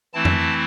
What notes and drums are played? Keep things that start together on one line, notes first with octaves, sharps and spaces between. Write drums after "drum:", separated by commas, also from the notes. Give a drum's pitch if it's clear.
E3 A3 C4 E4 A5
drum: tom F2